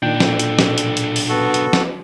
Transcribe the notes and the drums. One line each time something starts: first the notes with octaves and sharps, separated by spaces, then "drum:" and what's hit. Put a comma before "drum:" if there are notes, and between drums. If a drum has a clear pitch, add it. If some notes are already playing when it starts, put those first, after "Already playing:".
B1 A#2 D#3 D4 G5
A4, drum: snare
drum: hi-hat
drum: snare
drum: hi-hat
drum: hi-hat
drum: open hi-hat
B3 F#4 A4
drum: hi-hat
drum: snare